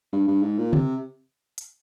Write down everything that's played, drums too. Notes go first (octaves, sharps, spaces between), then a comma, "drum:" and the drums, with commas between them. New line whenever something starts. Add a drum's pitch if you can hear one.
G2
G2
G#2
A#2
C3, drum: tom C#3
drum: hi-hat